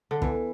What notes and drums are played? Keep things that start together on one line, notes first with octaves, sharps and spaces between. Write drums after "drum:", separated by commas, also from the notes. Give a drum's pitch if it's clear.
D3
E3 B3, drum: kick